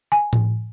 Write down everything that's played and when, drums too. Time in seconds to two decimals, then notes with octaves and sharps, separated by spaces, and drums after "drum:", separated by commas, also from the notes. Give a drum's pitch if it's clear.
0.12 G#5
0.33 drum: tom A2